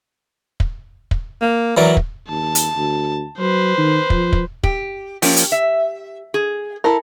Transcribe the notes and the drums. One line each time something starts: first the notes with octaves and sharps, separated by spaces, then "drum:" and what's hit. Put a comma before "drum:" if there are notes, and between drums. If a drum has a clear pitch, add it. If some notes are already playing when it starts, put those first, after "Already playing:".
drum: kick
drum: kick
A#3
E3 F#3 A#4 D5
drum: kick
D#2 A5
drum: hi-hat
D2
F#3 B4 C5
D#3
F3, drum: kick
drum: kick
G4, drum: kick
F3 A#3 C#4 G4, drum: open hi-hat
drum: hi-hat
E5
G#4
E4 A4 A#4